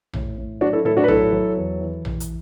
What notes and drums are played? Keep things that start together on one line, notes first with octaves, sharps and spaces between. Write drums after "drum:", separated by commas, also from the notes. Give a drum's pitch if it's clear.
A2, drum: tom A#1
A2
F#3 D4 F#4
E4 A4
A2 E4 A4
D4 F#4
B4
F#3 E4 A4, drum: tom A#1
F#3
E2
E3
E3, drum: tom A#1
drum: hi-hat